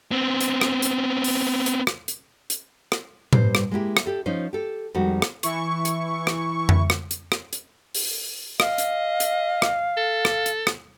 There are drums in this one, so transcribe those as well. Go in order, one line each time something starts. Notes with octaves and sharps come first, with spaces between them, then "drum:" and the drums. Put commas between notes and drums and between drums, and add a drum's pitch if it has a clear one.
B3 C4
drum: hi-hat
drum: rim click
drum: hi-hat
drum: open hi-hat
drum: hi-hat
drum: rim click
drum: hi-hat
drum: hi-hat
drum: rim click
G2 G3 C5, drum: tom A2
drum: rim click
G#3 A#3 E4 G4
drum: rim click
D4 G4 A4
F3 C#4 D#4 C5
G4 A4
F2 D#3 G3 G#3 F#4
drum: rim click
E3 E4 C#6, drum: hi-hat
drum: hi-hat
drum: rim click
drum: tom F2
drum: rim click
drum: hi-hat
drum: rim click
drum: hi-hat
drum: open hi-hat
D#5 F5, drum: rim click
drum: hi-hat
drum: hi-hat
drum: rim click
A4
drum: rim click
drum: hi-hat
drum: rim click